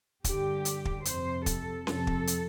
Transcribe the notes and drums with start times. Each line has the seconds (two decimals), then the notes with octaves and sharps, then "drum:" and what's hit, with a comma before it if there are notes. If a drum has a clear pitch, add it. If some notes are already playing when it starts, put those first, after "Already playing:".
0.24 G2 D3 G4, drum: kick, hi-hat
0.65 drum: hi-hat
0.85 drum: kick
1.05 F2 C3 C5, drum: hi-hat
1.46 A4, drum: kick, hi-hat
1.87 F2 C3 A4, drum: snare C#4
2.07 drum: kick
2.27 drum: hi-hat